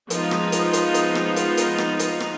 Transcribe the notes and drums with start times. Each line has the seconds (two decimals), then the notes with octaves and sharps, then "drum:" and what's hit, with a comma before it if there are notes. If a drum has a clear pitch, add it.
0.10 F3 G#3 B3 D#4 F4, drum: hi-hat
0.31 drum: rim click
0.52 drum: hi-hat
0.73 drum: hi-hat
0.94 drum: hi-hat
1.15 drum: rim click
1.36 drum: hi-hat
1.57 drum: hi-hat
1.78 drum: rim click
1.99 drum: hi-hat
2.20 drum: rim click